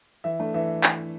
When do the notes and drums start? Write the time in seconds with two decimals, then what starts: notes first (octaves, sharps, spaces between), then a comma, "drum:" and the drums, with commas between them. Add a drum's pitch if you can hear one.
0.24 E3 E5
0.40 A3 D4
0.54 E3 E5
0.83 drum: clap